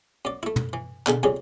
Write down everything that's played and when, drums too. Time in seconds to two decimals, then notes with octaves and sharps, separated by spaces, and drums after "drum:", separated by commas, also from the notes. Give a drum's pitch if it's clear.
0.25 F#2 D5
0.43 A3 E4
0.56 drum: tom
0.73 E3
1.07 B2 D3 G#4 B5, drum: clap
1.23 F2 C#3 G3 G#4